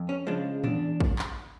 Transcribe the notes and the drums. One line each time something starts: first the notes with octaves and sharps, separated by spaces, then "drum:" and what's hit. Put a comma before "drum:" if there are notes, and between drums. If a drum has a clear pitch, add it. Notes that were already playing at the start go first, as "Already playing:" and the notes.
Already playing: F2
C#4
C#3 F3 G#3 D4
E2 D4, drum: tom A2
drum: kick
drum: clap